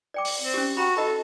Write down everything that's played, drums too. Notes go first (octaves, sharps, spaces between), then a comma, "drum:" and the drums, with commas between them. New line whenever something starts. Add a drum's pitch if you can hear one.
D5 G5 D6
drum: open hi-hat
C4
C#4 G4
F#4 G5 A#5 B5
F#4 A4 D#5 B5